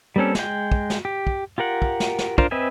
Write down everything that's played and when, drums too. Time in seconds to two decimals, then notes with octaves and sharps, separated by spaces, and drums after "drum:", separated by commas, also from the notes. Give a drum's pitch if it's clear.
0.16 G3 A#3 C4 C#4 A4
0.35 G#3 G5, drum: snare
0.72 drum: kick
0.90 drum: snare
1.05 G4
1.27 drum: kick
1.58 F4 G4 A#4 F#5
1.82 drum: kick
2.00 drum: snare
2.19 drum: snare
2.38 D4 F4 A#4 C5, drum: kick
2.51 C4 B4 D#5 E5 G#5